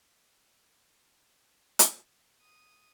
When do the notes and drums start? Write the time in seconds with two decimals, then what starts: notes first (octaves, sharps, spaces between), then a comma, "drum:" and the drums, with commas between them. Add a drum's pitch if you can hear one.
1.79 drum: hi-hat
2.41 D#6